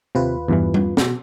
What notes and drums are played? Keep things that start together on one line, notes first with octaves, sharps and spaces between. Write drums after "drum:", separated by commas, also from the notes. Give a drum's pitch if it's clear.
D#2 C3 F4 B4
E2 G2 E3
drum: tom G3
B2 F#4, drum: snare